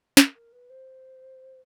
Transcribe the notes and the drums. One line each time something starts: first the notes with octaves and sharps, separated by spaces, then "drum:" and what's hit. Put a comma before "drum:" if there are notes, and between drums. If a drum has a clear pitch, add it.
A#4, drum: snare
A#4
B4
C5